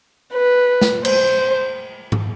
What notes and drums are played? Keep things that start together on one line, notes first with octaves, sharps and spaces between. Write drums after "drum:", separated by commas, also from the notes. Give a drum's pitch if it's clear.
B4
drum: snare
C5, drum: cymbal
drum: tom G#2